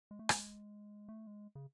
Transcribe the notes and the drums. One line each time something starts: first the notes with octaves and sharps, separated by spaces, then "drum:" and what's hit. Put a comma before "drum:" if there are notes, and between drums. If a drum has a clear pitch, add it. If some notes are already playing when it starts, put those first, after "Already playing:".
G#3
A3
G#3, drum: rim click
A3
G#3
C#3